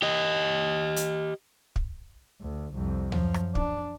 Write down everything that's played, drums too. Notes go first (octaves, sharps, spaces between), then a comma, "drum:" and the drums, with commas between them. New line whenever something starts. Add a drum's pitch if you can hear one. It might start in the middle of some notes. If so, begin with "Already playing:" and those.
G4 D#5
drum: hi-hat
drum: kick
D2
C2 F2
F#2 F3, drum: tom D2
drum: rim click
D4, drum: kick